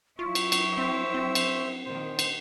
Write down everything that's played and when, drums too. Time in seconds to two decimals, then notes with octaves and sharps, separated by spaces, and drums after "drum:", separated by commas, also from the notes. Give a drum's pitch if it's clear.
0.19 F#3 E4 F4 C#6
0.35 drum: cymbal
0.52 drum: cymbal
0.77 C4 C5 E5
1.14 C4
1.35 drum: cymbal
1.85 A#2 D#3 C5
2.19 drum: cymbal